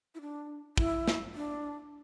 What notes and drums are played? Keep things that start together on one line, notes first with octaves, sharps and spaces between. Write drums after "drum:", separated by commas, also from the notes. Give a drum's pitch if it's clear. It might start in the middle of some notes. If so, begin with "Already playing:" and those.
E4
D4
E4, drum: kick
drum: snare
D4